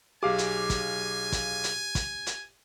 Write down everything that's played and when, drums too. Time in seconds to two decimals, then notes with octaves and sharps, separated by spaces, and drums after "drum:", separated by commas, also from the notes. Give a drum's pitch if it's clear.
0.23 B1 G4 G#4 F5 G#5 D6
0.38 drum: hi-hat
0.70 drum: kick, hi-hat
1.32 drum: kick, hi-hat
1.64 drum: hi-hat
1.95 drum: kick, hi-hat
2.26 drum: hi-hat